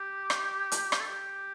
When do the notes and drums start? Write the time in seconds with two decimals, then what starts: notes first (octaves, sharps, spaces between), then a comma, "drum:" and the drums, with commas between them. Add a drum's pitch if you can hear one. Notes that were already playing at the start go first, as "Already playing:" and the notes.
Already playing: G4
0.30 drum: rim click
0.72 drum: hi-hat
0.92 G4, drum: rim click
1.00 A4
1.07 G4